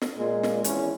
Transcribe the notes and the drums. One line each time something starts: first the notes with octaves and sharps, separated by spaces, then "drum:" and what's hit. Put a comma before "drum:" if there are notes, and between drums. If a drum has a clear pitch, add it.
drum: snare
A#2 G#3
drum: snare
G#1 E2 C#4 E4, drum: hi-hat